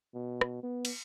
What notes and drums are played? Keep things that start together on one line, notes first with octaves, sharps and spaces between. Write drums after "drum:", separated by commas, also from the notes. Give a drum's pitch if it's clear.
B2
drum: rim click
B3
drum: cymbal